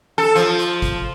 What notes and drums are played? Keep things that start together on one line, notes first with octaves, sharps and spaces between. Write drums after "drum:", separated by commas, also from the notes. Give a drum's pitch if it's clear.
A4
F3, drum: hi-hat
drum: hi-hat
drum: kick G1, hi-hat